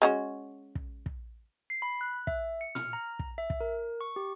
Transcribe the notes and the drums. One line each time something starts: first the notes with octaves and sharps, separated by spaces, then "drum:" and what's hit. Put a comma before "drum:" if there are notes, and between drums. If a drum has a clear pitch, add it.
G#3 C#4 F#4
drum: kick
drum: kick
C7
B5
F#6
E5, drum: kick
C#7
F6, drum: tom
A#5
drum: kick
E5
drum: kick
A#4
C#6
G4